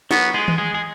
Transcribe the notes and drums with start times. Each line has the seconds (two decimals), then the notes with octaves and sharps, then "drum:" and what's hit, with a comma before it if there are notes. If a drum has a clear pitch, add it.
0.11 F#3 B3 F#4, drum: snare
0.34 G#3 G#4
0.48 drum: tom D#3
0.58 G#3 G#4
0.74 G#4